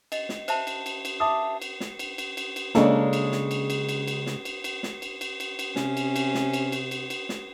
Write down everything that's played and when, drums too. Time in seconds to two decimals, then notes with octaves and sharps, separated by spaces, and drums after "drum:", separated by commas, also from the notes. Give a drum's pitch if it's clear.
0.12 D#5, drum: cymbal
0.29 drum: snare
0.48 C5 E5 A5, drum: cymbal
0.67 drum: cymbal
0.86 drum: cymbal
1.05 drum: cymbal
1.20 E5 A5 D6 D#6
1.62 drum: cymbal
1.80 drum: snare
1.99 drum: cymbal
2.18 drum: cymbal
2.37 drum: cymbal
2.56 drum: cymbal
2.75 C#3 G#3 A#3 C#4 D4 A4, drum: snare
3.13 drum: cymbal
3.32 drum: snare
3.51 drum: cymbal
3.70 drum: cymbal
3.89 drum: cymbal
4.08 drum: cymbal
4.26 drum: snare
4.45 drum: cymbal
4.64 drum: cymbal
4.83 drum: snare
5.02 drum: cymbal
5.21 drum: cymbal
5.40 drum: cymbal
5.59 drum: cymbal
5.76 C3 C#4, drum: snare
5.97 drum: cymbal
6.16 drum: cymbal
6.35 drum: snare
6.53 drum: cymbal
6.72 drum: cymbal
6.91 drum: cymbal
7.10 drum: cymbal
7.29 drum: snare